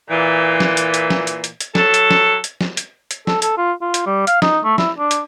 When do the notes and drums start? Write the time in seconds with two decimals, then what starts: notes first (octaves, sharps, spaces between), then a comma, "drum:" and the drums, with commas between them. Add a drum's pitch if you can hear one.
0.10 A#2 E3
0.60 drum: snare
0.77 drum: hi-hat
0.94 drum: hi-hat
1.10 drum: snare
1.27 drum: hi-hat
1.44 drum: hi-hat
1.60 drum: hi-hat
1.75 F#3 A4, drum: snare
1.94 drum: hi-hat
2.11 drum: snare
2.44 drum: hi-hat
2.61 drum: snare
2.77 drum: hi-hat
3.11 drum: hi-hat
3.27 A4, drum: snare
3.42 A4, drum: hi-hat
3.57 F4
3.81 F4
3.94 drum: hi-hat
4.06 G3
4.27 F5, drum: hi-hat
4.42 D#4, drum: snare
4.64 A3
4.78 E4, drum: snare
4.99 D4
5.11 drum: hi-hat